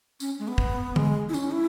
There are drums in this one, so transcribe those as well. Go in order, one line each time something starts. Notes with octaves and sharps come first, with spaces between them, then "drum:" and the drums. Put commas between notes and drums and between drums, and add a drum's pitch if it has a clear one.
C#4, drum: tambourine
G#3
B3
drum: kick
G#3, drum: tom
E4
C#4, drum: tambourine
E4